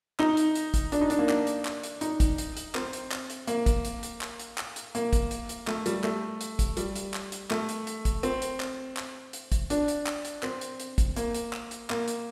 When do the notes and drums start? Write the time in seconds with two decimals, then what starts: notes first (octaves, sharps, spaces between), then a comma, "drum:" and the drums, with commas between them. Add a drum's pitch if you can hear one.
0.19 D#4, drum: clap
0.37 drum: hi-hat
0.55 drum: hi-hat
0.74 drum: kick, hi-hat
0.92 D4, drum: hi-hat
1.01 D#4
1.10 D4, drum: hi-hat
1.19 A#3
1.29 D4, drum: clap
1.47 drum: hi-hat
1.65 drum: clap
1.83 drum: hi-hat
2.01 D#4, drum: hi-hat
2.20 drum: kick, hi-hat
2.38 drum: hi-hat
2.57 drum: hi-hat
2.75 C4, drum: clap
2.93 drum: hi-hat
3.11 drum: clap
3.30 drum: hi-hat
3.47 A#3, drum: hi-hat
3.66 drum: kick, hi-hat
3.85 drum: hi-hat
4.03 drum: hi-hat
4.21 drum: clap
4.39 drum: hi-hat
4.58 drum: clap
4.76 drum: hi-hat
4.95 A#3, drum: hi-hat
5.13 drum: kick, hi-hat
5.31 drum: hi-hat
5.49 drum: hi-hat
5.67 A3, drum: clap
5.86 G3, drum: hi-hat
6.04 A3, drum: clap
6.41 drum: hi-hat
6.59 drum: kick, hi-hat
6.77 G3, drum: hi-hat
6.96 drum: hi-hat
7.14 drum: clap
7.32 drum: hi-hat
7.51 A3, drum: clap
7.69 drum: hi-hat
7.87 drum: hi-hat
8.05 drum: kick, hi-hat
8.23 C4, drum: hi-hat
8.42 drum: hi-hat
8.60 drum: clap
8.97 drum: clap
9.33 drum: hi-hat
9.52 drum: kick, hi-hat
9.70 D4, drum: hi-hat
9.88 drum: hi-hat
10.06 drum: clap
10.25 drum: hi-hat
10.43 C4, drum: clap
10.61 drum: hi-hat
10.80 drum: hi-hat
10.98 drum: kick, hi-hat
11.16 A#3, drum: hi-hat
11.34 drum: hi-hat
11.53 drum: clap
11.71 drum: hi-hat
11.90 A#3, drum: clap
12.08 drum: hi-hat